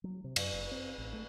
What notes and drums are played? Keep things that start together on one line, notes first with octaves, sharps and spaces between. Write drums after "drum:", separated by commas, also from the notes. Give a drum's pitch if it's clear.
F#3
C3
F#2, drum: cymbal
F#1
C4
A1
A3